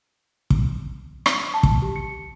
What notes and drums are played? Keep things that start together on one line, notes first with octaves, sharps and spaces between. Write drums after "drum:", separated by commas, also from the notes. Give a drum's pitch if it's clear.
drum: kick
drum: rim click
A5
drum: kick
G4
C#7